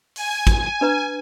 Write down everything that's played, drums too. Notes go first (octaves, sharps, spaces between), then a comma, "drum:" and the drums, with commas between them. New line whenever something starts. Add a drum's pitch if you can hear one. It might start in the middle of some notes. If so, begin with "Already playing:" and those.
G#5, drum: open hi-hat
drum: kick, hi-hat
D4 B4 A#5